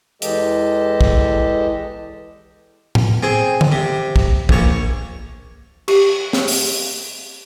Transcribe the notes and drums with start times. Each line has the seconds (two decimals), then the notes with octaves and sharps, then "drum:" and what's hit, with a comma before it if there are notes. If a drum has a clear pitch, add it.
0.22 E2 E3 G#3 G4 A4 D#5, drum: hi-hat
1.01 drum: kick
2.95 drum: tom A2
3.23 C4 G#4
3.61 drum: tom D3
3.72 C3
4.16 drum: kick
4.49 A#1 C#5, drum: kick
5.88 G4, drum: cymbal
6.33 drum: snare
6.48 drum: open hi-hat